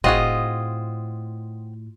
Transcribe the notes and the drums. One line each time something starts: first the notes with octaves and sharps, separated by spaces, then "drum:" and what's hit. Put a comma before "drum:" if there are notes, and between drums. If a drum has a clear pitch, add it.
A2 C4 F4 F#4 G#4 D#5, drum: kick